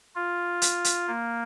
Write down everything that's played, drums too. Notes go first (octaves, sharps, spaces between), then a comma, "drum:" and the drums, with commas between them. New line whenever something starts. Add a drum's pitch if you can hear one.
F4
drum: hi-hat
drum: hi-hat
A#3